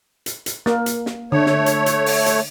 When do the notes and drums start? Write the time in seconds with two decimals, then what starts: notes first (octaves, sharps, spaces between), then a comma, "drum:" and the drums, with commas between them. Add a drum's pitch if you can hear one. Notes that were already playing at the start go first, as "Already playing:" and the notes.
0.26 drum: hi-hat
0.46 drum: hi-hat
0.66 A#3, drum: snare
0.86 drum: hi-hat
1.06 drum: snare
1.32 D3 A3 C#5
1.46 drum: snare
1.66 drum: hi-hat
1.86 drum: hi-hat
2.06 drum: open hi-hat
2.26 drum: hi-hat